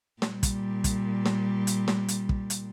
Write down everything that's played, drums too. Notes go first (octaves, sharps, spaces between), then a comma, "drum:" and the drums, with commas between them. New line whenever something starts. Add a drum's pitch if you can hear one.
A#2 G3, drum: snare
drum: kick, hi-hat
drum: kick, hi-hat
drum: snare
drum: hi-hat
drum: snare
drum: hi-hat
drum: kick
drum: hi-hat